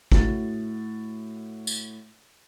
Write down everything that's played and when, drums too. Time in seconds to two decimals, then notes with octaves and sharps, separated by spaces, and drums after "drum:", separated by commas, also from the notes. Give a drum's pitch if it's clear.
0.12 A2 F#4 A6, drum: kick
1.67 drum: tambourine